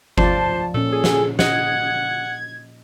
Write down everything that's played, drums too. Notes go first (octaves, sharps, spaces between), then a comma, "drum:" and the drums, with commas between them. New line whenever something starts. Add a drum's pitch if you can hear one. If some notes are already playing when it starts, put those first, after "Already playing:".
F3 F4 C5 D5 A5, drum: kick G1
A#2 C#4 A4
G#4
drum: snare
D#5 F#5 G#6, drum: snare